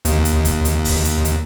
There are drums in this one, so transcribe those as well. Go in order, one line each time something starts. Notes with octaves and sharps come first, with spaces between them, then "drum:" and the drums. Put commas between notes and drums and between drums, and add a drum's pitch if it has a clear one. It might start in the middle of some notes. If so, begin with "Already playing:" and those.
D#2, drum: hi-hat
drum: hi-hat
drum: kick, hi-hat
drum: hi-hat
drum: kick, open hi-hat
drum: hi-hat
drum: hi-hat